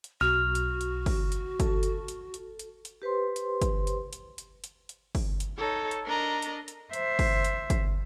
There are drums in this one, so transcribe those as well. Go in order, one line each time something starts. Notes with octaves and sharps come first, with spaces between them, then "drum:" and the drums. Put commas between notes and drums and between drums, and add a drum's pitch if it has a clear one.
drum: hi-hat
B1 F#4 F6
drum: hi-hat
drum: hi-hat
drum: kick, open hi-hat
drum: hi-hat
A4, drum: kick, hi-hat
drum: hi-hat
drum: hi-hat
drum: hi-hat
drum: hi-hat
drum: hi-hat
G4 B4 C5 C6
drum: hi-hat
drum: kick, hi-hat
drum: hi-hat
drum: hi-hat
drum: hi-hat
drum: hi-hat
drum: hi-hat
drum: kick, open hi-hat
drum: hi-hat
D#4 A4 C#5
drum: hi-hat
D4 A#4 D#5 A#5
drum: hi-hat
drum: hi-hat
C5 E5, drum: hi-hat
drum: kick, open hi-hat
drum: hi-hat
drum: kick, hi-hat